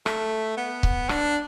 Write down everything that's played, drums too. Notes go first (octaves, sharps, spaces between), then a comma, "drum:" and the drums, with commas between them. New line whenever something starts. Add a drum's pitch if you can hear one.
A3, drum: rim click
B3
drum: kick C#1
D4, drum: rim click